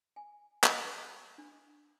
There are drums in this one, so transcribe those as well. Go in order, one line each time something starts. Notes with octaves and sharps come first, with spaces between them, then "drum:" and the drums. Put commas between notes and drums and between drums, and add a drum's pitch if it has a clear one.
G#5
drum: clap
C#6
D4